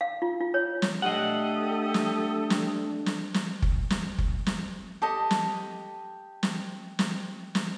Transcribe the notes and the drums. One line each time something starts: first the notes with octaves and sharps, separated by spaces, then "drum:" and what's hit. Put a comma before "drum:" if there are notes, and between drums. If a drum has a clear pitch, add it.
F5
F4
F4
C#5
drum: snare
A3 D4 G4 A4 D#5 F#5 D#6
drum: snare
drum: snare
drum: snare
drum: snare
drum: kick F#1
drum: snare
drum: kick F#1
drum: snare
G4 A4 D#5
drum: snare
drum: snare
drum: snare
drum: snare